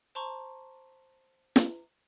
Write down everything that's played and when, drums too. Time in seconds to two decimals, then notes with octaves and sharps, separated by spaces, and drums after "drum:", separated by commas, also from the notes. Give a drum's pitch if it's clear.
0.15 C5 A5 A#5 C6 C#6
1.56 drum: snare